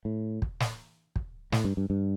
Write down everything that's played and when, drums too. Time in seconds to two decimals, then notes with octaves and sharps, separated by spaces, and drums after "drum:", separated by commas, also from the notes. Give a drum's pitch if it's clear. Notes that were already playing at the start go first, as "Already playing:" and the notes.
0.05 A2
0.42 drum: kick
0.60 drum: snare
1.16 drum: kick
1.52 A2, drum: snare
1.64 G2
1.77 G2
1.90 G2